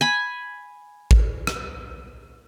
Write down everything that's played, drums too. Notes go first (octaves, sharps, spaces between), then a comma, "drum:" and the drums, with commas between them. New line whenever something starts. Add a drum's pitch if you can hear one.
G#5 B5
drum: kick
drum: rim click